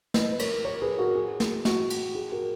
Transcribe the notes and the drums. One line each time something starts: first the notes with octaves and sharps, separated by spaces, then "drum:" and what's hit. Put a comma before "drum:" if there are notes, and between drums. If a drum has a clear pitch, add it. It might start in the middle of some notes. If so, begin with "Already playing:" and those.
B4 D#5, drum: snare
B4
A#4 C#5, drum: cymbal
A#4 C#5
G#4 B4
F#4 A#4
G#4
drum: snare
F#4, drum: snare
drum: cymbal
G#4
F#4 A#4